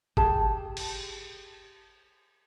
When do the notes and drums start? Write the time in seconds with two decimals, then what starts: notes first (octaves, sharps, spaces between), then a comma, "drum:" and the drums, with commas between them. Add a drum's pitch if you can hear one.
0.17 G4 G#4 A5, drum: kick G1
0.77 drum: cymbal